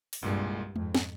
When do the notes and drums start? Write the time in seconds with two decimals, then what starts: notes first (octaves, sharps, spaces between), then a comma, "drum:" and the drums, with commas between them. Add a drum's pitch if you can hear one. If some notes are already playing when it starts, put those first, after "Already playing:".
0.13 drum: open hi-hat
0.22 C2 G2 A#2 G#3
0.76 F2 G#2, drum: tom G#3
0.95 drum: snare